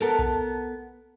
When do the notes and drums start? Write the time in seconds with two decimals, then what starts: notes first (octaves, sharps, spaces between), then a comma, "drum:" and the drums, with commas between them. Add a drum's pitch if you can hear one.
0.01 B3 A4 A#4
0.19 drum: kick B1